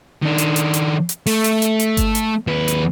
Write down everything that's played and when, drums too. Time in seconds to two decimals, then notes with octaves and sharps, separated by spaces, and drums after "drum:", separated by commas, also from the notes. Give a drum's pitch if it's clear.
0.23 D#3 D4
0.38 drum: hi-hat
0.56 drum: hi-hat
0.74 drum: hi-hat
1.09 drum: hi-hat
1.27 A3, drum: open hi-hat
1.44 drum: hi-hat
1.62 drum: hi-hat
1.80 drum: hi-hat
1.97 drum: kick G1, hi-hat
2.15 drum: hi-hat
2.47 D#2 B4
2.68 drum: hi-hat